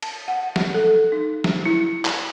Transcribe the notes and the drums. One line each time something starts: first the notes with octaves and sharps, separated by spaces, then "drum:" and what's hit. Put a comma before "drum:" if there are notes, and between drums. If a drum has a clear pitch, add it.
A5, drum: cymbal
F#5
drum: snare
A4
D#4
drum: snare
E4
drum: clap